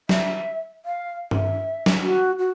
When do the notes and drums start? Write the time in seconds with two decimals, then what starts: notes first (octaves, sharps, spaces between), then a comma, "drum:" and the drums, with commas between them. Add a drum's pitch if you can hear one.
0.09 E5, drum: snare
0.86 F5
1.31 E5, drum: tom G2
1.86 drum: snare
2.02 F#4
2.39 F#4